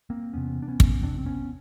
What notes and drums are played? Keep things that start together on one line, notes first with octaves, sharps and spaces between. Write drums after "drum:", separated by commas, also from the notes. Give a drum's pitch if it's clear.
A#3 C4
E2 C3 B3 C#4
D4
B3 C#4
drum: kick
E2 C3 C4 D4
C4
B3 C#4